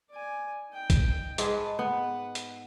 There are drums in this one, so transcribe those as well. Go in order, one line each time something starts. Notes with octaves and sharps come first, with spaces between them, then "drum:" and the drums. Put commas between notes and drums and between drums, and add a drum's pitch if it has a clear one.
D5 G#5
D#4 G5
drum: kick A#1, hi-hat
G#2 G#3 B4 A5, drum: hi-hat
B3 B4 F#5
drum: hi-hat